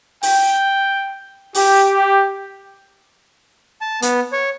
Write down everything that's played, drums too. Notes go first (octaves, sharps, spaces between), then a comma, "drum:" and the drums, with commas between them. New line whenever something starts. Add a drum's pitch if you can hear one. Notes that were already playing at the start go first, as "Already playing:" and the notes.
G5, drum: open hi-hat
G4, drum: open hi-hat
A5
B3, drum: hi-hat
C#5